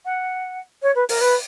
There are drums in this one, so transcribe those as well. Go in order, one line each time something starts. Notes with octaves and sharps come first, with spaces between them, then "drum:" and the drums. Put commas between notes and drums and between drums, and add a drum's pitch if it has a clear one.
F#5
C#5
B4
A#4, drum: open hi-hat
B4